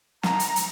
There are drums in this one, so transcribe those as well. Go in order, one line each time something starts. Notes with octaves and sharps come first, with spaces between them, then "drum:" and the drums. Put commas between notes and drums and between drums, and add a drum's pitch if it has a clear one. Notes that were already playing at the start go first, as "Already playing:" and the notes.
A#5, drum: snare
drum: hi-hat
drum: hi-hat